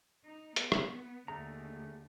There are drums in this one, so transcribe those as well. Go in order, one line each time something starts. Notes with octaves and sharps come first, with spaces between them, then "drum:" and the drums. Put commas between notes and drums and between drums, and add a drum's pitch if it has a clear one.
D#4
B3, drum: hi-hat
drum: rim click
D#2 D3 A3 G#4 A#5